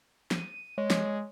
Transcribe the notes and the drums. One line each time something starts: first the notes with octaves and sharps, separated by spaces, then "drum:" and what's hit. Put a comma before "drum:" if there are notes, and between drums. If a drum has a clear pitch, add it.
D#7, drum: snare
G#3 C#5
drum: snare